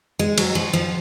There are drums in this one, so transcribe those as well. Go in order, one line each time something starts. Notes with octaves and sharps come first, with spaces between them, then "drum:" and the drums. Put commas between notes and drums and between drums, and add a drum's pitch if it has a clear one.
G#3
F#3, drum: cymbal
F3
F3